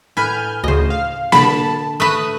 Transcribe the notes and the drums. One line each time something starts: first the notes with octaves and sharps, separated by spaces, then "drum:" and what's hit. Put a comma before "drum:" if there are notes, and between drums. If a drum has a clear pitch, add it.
A2 B4 G#5 F6 G6
D2 C#3 C5 D#5
F5
D3 A5 B5, drum: snare A#3
A3 B4 D#6 F#6 B6